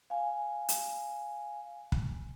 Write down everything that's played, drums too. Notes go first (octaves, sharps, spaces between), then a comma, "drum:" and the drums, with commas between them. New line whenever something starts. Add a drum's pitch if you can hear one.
F5 G#5
drum: hi-hat
drum: kick